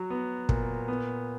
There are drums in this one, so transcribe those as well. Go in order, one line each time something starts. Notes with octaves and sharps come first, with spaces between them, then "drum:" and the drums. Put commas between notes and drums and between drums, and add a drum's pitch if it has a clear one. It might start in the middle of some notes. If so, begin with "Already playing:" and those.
Already playing: F#3 F#4
B3
A#2, drum: kick
B3